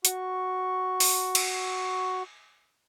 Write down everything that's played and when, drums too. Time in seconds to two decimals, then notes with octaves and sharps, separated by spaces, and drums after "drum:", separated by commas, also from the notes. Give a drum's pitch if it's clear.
0.05 F#4 C#6, drum: hi-hat
1.00 drum: open hi-hat
1.35 drum: cymbal